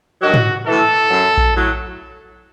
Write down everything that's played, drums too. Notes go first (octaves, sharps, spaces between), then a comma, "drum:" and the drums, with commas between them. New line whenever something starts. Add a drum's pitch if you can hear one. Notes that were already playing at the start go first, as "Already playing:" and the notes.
G2 D#3 F#3 F#4
drum: tom G#2
E3 A4
A2
F#2 F#3
drum: kick A#1
A2 F#3